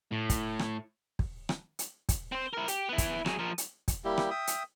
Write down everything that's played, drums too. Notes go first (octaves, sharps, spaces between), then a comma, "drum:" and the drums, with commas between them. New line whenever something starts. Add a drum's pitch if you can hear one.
A2
drum: kick, hi-hat
drum: rim click
drum: kick
drum: rim click
drum: hi-hat
drum: kick, hi-hat
C4 C5
E4 A#4
G4, drum: hi-hat
B3 E4
drum: kick, hi-hat
F#3 G#4, drum: rim click
F3 A#4
drum: hi-hat
drum: kick, hi-hat
G3 A#3 E4 G4
drum: rim click
E5 G5 D#6
drum: hi-hat